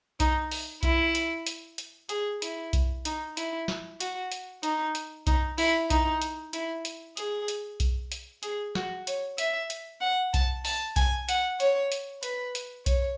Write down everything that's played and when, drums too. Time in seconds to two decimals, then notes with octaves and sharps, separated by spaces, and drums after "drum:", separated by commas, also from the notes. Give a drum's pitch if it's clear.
0.20 D#4, drum: kick B1, hi-hat
0.51 drum: open hi-hat
0.83 E4, drum: kick B1, hi-hat
1.15 drum: hi-hat
1.46 drum: hi-hat
1.78 drum: hi-hat
2.09 G#4, drum: hi-hat
2.42 E4, drum: hi-hat
2.73 drum: kick B1, hi-hat
3.05 D#4, drum: hi-hat
3.37 E4, drum: hi-hat
3.68 drum: snare
4.00 F#4, drum: hi-hat
4.32 drum: hi-hat
4.63 D#4, drum: hi-hat
4.95 drum: hi-hat
5.27 D#4, drum: kick B1, hi-hat
5.58 E4, drum: open hi-hat
5.90 D#4, drum: kick B1, hi-hat
6.22 drum: hi-hat
6.53 E4, drum: hi-hat
6.85 drum: hi-hat
7.17 G#4, drum: hi-hat
7.48 drum: hi-hat
7.80 drum: kick B1, hi-hat
8.12 drum: hi-hat
8.43 G#4, drum: hi-hat
8.75 F#4, drum: snare
9.07 C#5, drum: hi-hat
9.38 E5, drum: hi-hat
9.70 drum: hi-hat
10.01 F#5
10.34 A5, drum: kick B1, hi-hat
10.65 A5, drum: open hi-hat
10.96 G#5, drum: kick B1, hi-hat
11.29 F#5, drum: hi-hat
11.60 C#5, drum: hi-hat
11.92 drum: hi-hat
12.23 B4, drum: hi-hat
12.55 drum: hi-hat
12.86 C#5, drum: kick B1, hi-hat